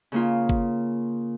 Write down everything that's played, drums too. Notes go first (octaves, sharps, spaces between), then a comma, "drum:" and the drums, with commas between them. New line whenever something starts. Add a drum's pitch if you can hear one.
C#3 A#3 F4
drum: kick G1